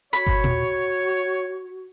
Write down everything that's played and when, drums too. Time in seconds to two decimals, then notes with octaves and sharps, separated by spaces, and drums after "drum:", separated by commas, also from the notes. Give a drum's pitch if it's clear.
0.13 F#4 C#5 B5, drum: hi-hat
0.27 drum: kick G1
0.44 drum: tom A#2